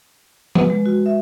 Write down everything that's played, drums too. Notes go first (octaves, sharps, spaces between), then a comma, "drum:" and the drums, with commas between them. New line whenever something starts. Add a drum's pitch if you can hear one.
B4, drum: tom F3
G#3
F#4
E5